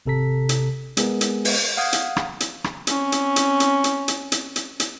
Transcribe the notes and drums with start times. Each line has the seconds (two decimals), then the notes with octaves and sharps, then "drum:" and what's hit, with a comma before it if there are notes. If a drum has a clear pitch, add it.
0.06 G#1 C3 A4 A#5 B6
0.49 drum: hi-hat
0.97 G#3 B3 G#4 A#4, drum: hi-hat
1.21 drum: hi-hat
1.45 drum: open hi-hat
1.77 F5 F#5 D#6 G6 G#6
1.93 drum: hi-hat
2.17 drum: rim click
2.40 drum: hi-hat
2.64 drum: rim click
2.87 C4 C#4, drum: hi-hat
3.12 drum: hi-hat
3.36 drum: hi-hat
3.60 drum: hi-hat
3.84 drum: hi-hat
4.08 drum: hi-hat
4.32 drum: hi-hat
4.56 drum: hi-hat
4.80 drum: hi-hat